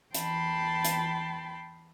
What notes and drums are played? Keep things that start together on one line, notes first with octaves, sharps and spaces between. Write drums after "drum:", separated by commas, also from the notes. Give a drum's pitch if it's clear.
E2 E3 G5 A5 B5 C6, drum: hi-hat
drum: hi-hat